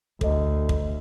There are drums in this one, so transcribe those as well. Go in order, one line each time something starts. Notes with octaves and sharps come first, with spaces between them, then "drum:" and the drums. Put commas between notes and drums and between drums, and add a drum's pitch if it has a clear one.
D2 A4 D#5, drum: kick
drum: kick